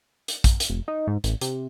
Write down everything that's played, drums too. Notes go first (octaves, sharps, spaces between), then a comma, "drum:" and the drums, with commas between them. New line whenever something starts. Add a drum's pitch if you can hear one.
drum: hi-hat
drum: kick A#1, hi-hat
drum: hi-hat
F1
D#4
G#2
A1, drum: hi-hat
C3, drum: hi-hat